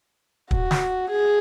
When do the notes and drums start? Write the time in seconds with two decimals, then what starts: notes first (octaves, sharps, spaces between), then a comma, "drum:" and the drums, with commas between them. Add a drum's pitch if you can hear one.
0.51 F#4, drum: kick
0.71 drum: snare
1.10 G#4